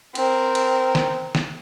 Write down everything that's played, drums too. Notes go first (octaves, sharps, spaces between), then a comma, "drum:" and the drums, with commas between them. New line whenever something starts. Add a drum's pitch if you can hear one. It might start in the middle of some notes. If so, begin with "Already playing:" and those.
C4 A#4, drum: cymbal
drum: cymbal
drum: snare
drum: snare